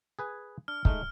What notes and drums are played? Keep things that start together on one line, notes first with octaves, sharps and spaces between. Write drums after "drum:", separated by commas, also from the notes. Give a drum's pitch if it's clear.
G#4 B4 G#5
D4 F6
G#3 A3 D#4, drum: kick